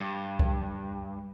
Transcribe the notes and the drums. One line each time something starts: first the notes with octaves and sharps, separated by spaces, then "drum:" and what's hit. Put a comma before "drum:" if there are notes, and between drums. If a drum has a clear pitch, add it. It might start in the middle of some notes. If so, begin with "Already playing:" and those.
G2
drum: kick C2